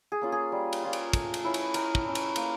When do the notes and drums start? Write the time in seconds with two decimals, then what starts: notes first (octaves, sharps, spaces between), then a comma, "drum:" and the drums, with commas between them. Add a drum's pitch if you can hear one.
0.12 G#4
0.21 A#3 C#4 F4
0.32 G#4
0.52 G3
0.73 drum: cymbal
0.83 A#3 C#4 F4
0.93 drum: cymbal
1.13 A3, drum: kick, cymbal
1.34 drum: cymbal
1.44 C#4 E4
1.54 drum: cymbal
1.74 A3 A#4, drum: cymbal
1.95 drum: kick
2.05 C#4 E4
2.15 drum: cymbal
2.36 A#3, drum: cymbal